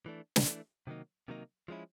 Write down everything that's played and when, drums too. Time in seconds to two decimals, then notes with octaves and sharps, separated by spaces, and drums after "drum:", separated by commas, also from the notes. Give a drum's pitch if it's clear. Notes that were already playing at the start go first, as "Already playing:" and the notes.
0.06 E3 A3 D4
0.36 drum: snare
0.46 E3 A3 D4
0.87 C3 D#3 F#3 A#3 D#4
1.28 C3 D#3 F#3 A#3 D#4
1.68 F3 G#3 C#4 E4